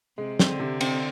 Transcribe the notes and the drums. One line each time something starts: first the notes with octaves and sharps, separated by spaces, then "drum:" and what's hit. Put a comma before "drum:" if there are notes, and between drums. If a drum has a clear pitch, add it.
C3 G#3
C4, drum: snare
D3
C3
C4, drum: cymbal